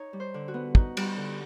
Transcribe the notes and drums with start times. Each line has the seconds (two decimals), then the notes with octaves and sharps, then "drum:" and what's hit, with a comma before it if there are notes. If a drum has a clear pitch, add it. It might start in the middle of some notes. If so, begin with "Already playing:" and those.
Already playing: D#4 C#5
0.13 G3
0.20 C5
0.34 D3
0.48 F#4
0.54 B3
0.75 D#4 F#4, drum: kick
0.97 G3, drum: cymbal
1.03 F#4
1.17 D3